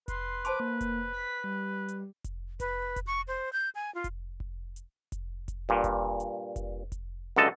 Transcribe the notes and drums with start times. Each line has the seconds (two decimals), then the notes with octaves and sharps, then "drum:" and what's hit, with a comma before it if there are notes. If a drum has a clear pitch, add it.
0.08 B4 C6, drum: kick F1, hi-hat
0.45 C5 A5 C6 D6, drum: hi-hat
0.60 A#3
0.81 drum: kick F1, hi-hat
1.13 B6
1.44 G3
1.88 drum: hi-hat
2.24 drum: kick F1, hi-hat
2.60 B4, drum: kick F1, hi-hat
2.96 drum: kick F1, hi-hat
3.07 C#6
3.28 C5
3.53 G6
3.75 G#5
3.95 F4
4.04 drum: kick F1, hi-hat
4.40 drum: kick F1
4.76 drum: hi-hat
5.12 drum: kick F1, hi-hat
5.48 drum: kick F1, hi-hat
5.69 G2 A#2
5.84 drum: kick F1, hi-hat
6.20 drum: hi-hat
6.56 drum: kick F1, hi-hat
6.92 drum: kick F1, hi-hat
7.36 C#2 F#2 D3 A4 D#5 A5